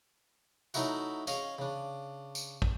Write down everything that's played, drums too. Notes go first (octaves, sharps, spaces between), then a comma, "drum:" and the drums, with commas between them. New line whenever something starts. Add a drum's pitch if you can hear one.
F#3 A3 D#4 E4 F#4, drum: tambourine
C#4 G#4 D#5 F5, drum: tambourine
C#3 D4
drum: tambourine
drum: kick